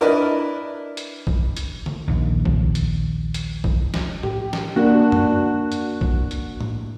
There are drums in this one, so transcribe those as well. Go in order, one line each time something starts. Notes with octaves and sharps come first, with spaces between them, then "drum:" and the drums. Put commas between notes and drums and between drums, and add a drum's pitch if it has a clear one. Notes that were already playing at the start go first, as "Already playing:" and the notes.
D4 E4 A#4 B4 D5 D#5
drum: hi-hat
drum: kick
drum: hi-hat
drum: tom C#3
A#1 D#2
drum: kick
drum: hi-hat
drum: hi-hat
drum: kick
drum: snare F3
G4, drum: tom A2
drum: snare F3
A#3 D4 F#4 A#4
drum: tom F2
drum: hi-hat
drum: kick
drum: hi-hat
drum: tom A2